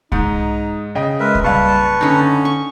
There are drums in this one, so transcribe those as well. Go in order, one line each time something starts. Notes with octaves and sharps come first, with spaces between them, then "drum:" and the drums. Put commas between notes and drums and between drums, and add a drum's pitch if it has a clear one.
G#2 D#4, drum: kick C2
C#3 D#5 G5
G#3 A#4 B4 E5
drum: kick C2
F#1 G3 B4 F5 A5 C#6
D3 C#4 D#4
C#6